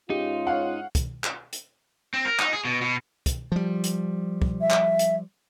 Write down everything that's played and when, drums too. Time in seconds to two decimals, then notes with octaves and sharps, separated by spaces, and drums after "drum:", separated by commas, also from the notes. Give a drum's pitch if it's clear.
0.10 G#2 C#4 D#4 F4 G4
0.47 C#5 F5 F#5
0.95 drum: kick, hi-hat
1.24 drum: clap
1.53 drum: hi-hat
2.14 C4
2.25 A#4
2.39 D#4, drum: clap
2.53 G#4
2.65 B2
2.82 B2
3.26 drum: kick, hi-hat
3.52 F3 G3
3.84 drum: hi-hat
4.42 drum: kick
4.61 E5
4.70 drum: clap
4.99 drum: hi-hat